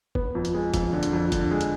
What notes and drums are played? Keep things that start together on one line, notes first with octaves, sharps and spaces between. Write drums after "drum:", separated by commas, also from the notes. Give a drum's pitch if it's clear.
B3, drum: kick F#1
F2
drum: hi-hat
G#3
F2, drum: kick F#1, hi-hat
D3
drum: hi-hat
F2
D3, drum: kick F#1, hi-hat
G#3
drum: hi-hat